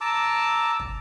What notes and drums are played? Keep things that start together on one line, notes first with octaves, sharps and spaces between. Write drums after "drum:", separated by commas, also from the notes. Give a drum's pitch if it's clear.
A5 A#5 D6 E6
drum: kick